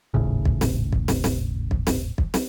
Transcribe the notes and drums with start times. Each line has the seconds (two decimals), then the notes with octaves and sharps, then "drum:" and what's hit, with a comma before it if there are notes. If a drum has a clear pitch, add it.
0.14 D#1 G#1 A2 C#3
0.45 drum: kick
0.61 drum: snare
0.93 drum: kick
1.08 drum: snare
1.24 drum: snare
1.71 drum: kick
1.87 drum: snare
2.18 drum: kick
2.34 drum: snare